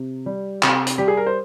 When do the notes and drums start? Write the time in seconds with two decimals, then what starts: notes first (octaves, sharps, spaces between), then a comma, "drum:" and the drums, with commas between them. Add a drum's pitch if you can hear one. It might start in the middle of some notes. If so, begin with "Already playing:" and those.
Already playing: C3
0.26 G3
0.63 C3, drum: clap
0.87 drum: hi-hat
0.98 G3 G4
1.08 G#4
1.17 A#4
1.26 C5